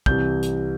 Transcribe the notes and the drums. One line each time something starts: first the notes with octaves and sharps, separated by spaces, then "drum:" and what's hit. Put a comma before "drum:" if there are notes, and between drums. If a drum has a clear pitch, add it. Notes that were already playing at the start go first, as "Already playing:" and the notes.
C2 C3 E3 G6, drum: kick
drum: hi-hat